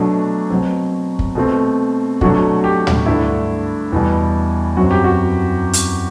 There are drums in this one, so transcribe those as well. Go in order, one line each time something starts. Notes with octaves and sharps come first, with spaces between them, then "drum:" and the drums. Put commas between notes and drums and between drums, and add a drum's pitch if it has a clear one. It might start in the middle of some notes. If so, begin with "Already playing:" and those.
Already playing: B2 F#3 A3 D4
B2 F#3 C4
drum: kick
B2 A3 C4
B2 F#3 A3 D4 F#4, drum: kick
G4
drum: tom
G2 D3 A3 D4 E4
E2 B2 G3
F#2 F#3 C4 F#4
G4
F#4
drum: hi-hat